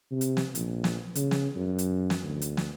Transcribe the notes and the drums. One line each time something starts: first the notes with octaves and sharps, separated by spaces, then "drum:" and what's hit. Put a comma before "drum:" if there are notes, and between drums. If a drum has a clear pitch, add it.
C3
drum: hi-hat
drum: snare
A#1, drum: hi-hat
drum: snare
C#3, drum: hi-hat
drum: snare
F#2
drum: hi-hat
drum: snare
D2
drum: hi-hat
drum: snare